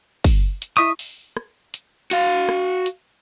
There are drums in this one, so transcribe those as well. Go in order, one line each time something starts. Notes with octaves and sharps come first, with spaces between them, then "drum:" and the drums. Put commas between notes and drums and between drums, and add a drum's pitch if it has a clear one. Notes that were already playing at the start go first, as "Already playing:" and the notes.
drum: kick, open hi-hat
drum: hi-hat
E4 D#5 E5 C#6 D#6
drum: open hi-hat
drum: rim click
drum: hi-hat
F#4 F5, drum: hi-hat
drum: rim click
drum: hi-hat